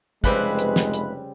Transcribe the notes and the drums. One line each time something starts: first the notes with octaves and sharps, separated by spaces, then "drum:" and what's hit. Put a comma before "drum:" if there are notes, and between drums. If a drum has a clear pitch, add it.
F1 C#3 G3 G#3 C4 B4 B5 F#6, drum: kick, hi-hat
drum: hi-hat
drum: snare
drum: hi-hat